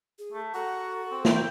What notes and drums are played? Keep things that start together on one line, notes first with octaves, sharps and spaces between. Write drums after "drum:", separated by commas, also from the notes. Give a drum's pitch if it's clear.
G#4
A3
F#4 A4 F#5 A#5
C4
drum: snare
G5